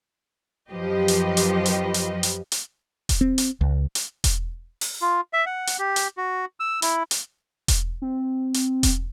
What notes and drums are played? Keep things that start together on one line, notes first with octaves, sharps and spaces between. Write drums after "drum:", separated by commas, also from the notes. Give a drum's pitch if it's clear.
F#2 F3 G4 B4 D#5
drum: hi-hat
drum: hi-hat
drum: hi-hat
drum: hi-hat
drum: hi-hat
drum: hi-hat
drum: kick E1, hi-hat
C4
drum: hi-hat
C#2
drum: hi-hat
drum: kick E1, hi-hat
drum: open hi-hat
F4
E5
F#5
drum: hi-hat
G4
drum: hi-hat
F#4
E6
E4, drum: hi-hat
drum: hi-hat
drum: kick E1, hi-hat
C4
drum: hi-hat
drum: kick E1, hi-hat